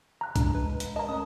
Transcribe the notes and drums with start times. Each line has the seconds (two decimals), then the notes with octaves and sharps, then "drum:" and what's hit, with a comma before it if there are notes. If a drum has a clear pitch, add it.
0.21 A#5 F#6
0.36 G#3 D4, drum: kick C2, hi-hat
0.55 B4
0.80 drum: hi-hat
0.96 A#4 D#5 A5 A#5
1.09 A3 C#4 D#6